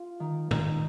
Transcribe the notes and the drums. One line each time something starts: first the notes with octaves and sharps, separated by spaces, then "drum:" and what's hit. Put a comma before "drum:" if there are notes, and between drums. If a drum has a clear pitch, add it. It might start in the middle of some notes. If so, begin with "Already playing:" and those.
Already playing: F4
D#3
D#3, drum: tom A2